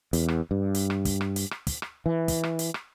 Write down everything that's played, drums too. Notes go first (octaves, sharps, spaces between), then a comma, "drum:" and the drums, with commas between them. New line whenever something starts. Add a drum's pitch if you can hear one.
E2, drum: hi-hat
drum: rim click
G2
drum: hi-hat
drum: rim click
drum: kick, hi-hat
drum: rim click
drum: hi-hat
drum: rim click
drum: kick, hi-hat
drum: rim click
E3
drum: kick, hi-hat
drum: rim click
drum: hi-hat
drum: rim click